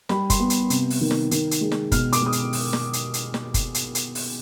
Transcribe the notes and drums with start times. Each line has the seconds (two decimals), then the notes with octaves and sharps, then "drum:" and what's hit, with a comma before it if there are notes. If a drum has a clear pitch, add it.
0.09 G3 B5, drum: snare
0.30 C6, drum: kick, hi-hat
0.40 B3
0.50 drum: hi-hat
0.70 C3, drum: hi-hat
0.90 drum: open hi-hat
1.01 D#3
1.11 drum: snare
1.31 D#3, drum: hi-hat
1.51 drum: hi-hat
1.61 G#3
1.72 drum: snare
1.92 B2 F6, drum: kick, hi-hat
2.13 D6, drum: hi-hat
2.22 G#3 D#6
2.32 drum: hi-hat
2.53 drum: open hi-hat
2.73 drum: snare
2.93 drum: hi-hat
3.14 drum: hi-hat
3.34 drum: snare
3.54 drum: kick, hi-hat
3.74 drum: hi-hat
3.95 drum: hi-hat
4.15 drum: open hi-hat